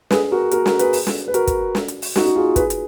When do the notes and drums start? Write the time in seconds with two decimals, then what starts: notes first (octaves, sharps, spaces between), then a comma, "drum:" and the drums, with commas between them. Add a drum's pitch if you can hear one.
0.11 G#4 B4, drum: snare
0.32 F#4 A#4
0.51 F#4 A#4, drum: hi-hat
0.66 F#4 A#4, drum: snare
0.79 G#4 B4, drum: hi-hat
0.93 drum: open hi-hat
1.07 drum: snare
1.28 B4
1.34 F#4 A#4, drum: hi-hat
1.47 drum: kick, hi-hat
1.75 drum: snare
1.88 drum: hi-hat
2.02 drum: open hi-hat
2.16 D#4 F#4, drum: snare
2.26 F#4
2.36 F4 G#4
2.56 G#4 B4, drum: kick, hi-hat
2.70 drum: hi-hat